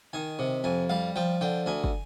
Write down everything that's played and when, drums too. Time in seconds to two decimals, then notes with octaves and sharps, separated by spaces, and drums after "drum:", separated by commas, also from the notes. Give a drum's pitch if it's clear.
0.13 D#3 G#5
0.39 C3
0.64 F2 G#5
0.90 G3 F5
1.16 F3 G5
1.41 D3 G5
1.66 D2 G#5
1.84 drum: kick